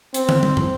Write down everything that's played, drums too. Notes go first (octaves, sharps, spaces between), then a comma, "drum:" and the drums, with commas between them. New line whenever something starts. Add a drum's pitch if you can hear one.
C4, drum: hi-hat
drum: tom
drum: tom
drum: tom